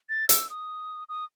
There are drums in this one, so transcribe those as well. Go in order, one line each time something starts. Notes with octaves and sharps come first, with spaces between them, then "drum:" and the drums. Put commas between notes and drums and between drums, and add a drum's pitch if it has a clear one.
A6
E6, drum: hi-hat
D#6
D#6